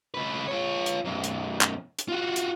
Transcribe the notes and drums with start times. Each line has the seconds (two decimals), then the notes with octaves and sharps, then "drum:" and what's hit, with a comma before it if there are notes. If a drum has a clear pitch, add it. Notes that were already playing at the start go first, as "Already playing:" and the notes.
0.15 C#3 B4
0.48 F4 C#5
0.86 drum: hi-hat
1.05 B1 F#2
1.24 drum: hi-hat
1.61 drum: clap
1.99 drum: hi-hat
2.08 F4 F#4
2.36 drum: hi-hat